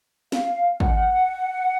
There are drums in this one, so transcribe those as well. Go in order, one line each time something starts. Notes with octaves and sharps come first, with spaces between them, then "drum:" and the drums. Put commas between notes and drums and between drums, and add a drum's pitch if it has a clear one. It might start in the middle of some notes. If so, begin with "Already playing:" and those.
F5, drum: snare
F#5, drum: kick